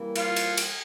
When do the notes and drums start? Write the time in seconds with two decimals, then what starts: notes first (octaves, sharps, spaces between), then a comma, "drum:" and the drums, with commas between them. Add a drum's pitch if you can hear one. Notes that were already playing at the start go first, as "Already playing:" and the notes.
Already playing: E3 G3 A#3
0.16 F4 F5, drum: cymbal
0.36 drum: cymbal
0.57 drum: cymbal